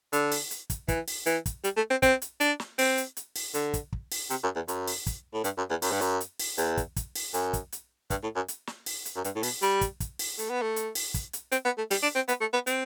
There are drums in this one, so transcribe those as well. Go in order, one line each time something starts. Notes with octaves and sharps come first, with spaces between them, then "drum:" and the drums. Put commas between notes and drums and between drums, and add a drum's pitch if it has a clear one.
D3, drum: hi-hat
drum: open hi-hat
drum: hi-hat
drum: kick, hi-hat
E3, drum: kick, hi-hat
drum: open hi-hat
E3, drum: hi-hat
drum: kick, hi-hat
G3, drum: hi-hat
A3
C4
C4, drum: kick, hi-hat
drum: hi-hat
D4, drum: hi-hat
drum: snare
C4, drum: open hi-hat
drum: hi-hat
drum: hi-hat
drum: open hi-hat
D3, drum: hi-hat
drum: kick, hi-hat
drum: kick
drum: open hi-hat
C3, drum: hi-hat
F#2
E2
F#2, drum: hi-hat
drum: open hi-hat
drum: kick, hi-hat
A2
G2, drum: hi-hat
F#2
E2
F#2, drum: open hi-hat
G2
F#2, drum: hi-hat
drum: hi-hat
drum: open hi-hat
E2, drum: hi-hat
drum: kick, hi-hat
drum: kick, hi-hat
drum: open hi-hat
F#2, drum: hi-hat
drum: kick, hi-hat
drum: hi-hat
G2, drum: kick, hi-hat
A2
F#2
drum: hi-hat
drum: snare
drum: open hi-hat
drum: hi-hat
F#2
G2, drum: hi-hat
A2
B2, drum: open hi-hat
G3, drum: hi-hat
drum: kick, hi-hat
drum: kick, hi-hat
drum: open hi-hat
A3, drum: hi-hat
B3
A3
drum: hi-hat
drum: open hi-hat
drum: kick, hi-hat
drum: hi-hat
C4, drum: hi-hat
B3
A3
G3, drum: open hi-hat
D4
C4
B3, drum: hi-hat
A3
B3
C4, drum: hi-hat